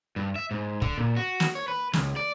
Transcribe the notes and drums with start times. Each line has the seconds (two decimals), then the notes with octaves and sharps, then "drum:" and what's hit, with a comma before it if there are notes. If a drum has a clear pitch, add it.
0.16 G2
0.36 E5
0.51 G#2
0.82 D3, drum: kick
0.98 A#2
1.16 F#4
1.40 drum: snare
1.55 C#5
1.68 B4
1.93 C#2, drum: snare
2.17 D5